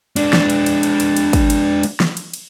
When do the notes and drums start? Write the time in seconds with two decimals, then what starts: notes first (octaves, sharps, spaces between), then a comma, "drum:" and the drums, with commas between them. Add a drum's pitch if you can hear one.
0.16 G#3 D4, drum: cymbal
0.33 drum: snare
0.50 drum: cymbal
0.66 drum: cymbal
0.83 drum: cymbal
1.00 drum: cymbal
1.17 drum: cymbal
1.33 drum: kick, cymbal
1.50 drum: cymbal
1.83 drum: cymbal
2.00 drum: snare
2.17 drum: cymbal
2.34 drum: cymbal